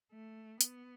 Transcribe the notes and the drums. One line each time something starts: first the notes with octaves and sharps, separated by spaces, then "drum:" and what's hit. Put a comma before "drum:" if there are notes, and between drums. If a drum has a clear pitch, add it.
A3
B3, drum: hi-hat